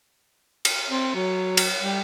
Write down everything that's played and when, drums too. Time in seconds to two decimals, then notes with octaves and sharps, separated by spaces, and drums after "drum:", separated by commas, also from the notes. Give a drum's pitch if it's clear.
0.65 drum: cymbal
0.89 C4
1.15 F#3
1.57 drum: cymbal
1.80 G3